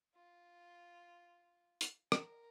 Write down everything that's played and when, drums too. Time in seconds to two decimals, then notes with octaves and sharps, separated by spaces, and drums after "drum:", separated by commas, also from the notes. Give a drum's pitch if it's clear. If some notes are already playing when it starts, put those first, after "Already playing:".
0.15 F4
1.81 drum: hi-hat
2.12 A#4, drum: rim click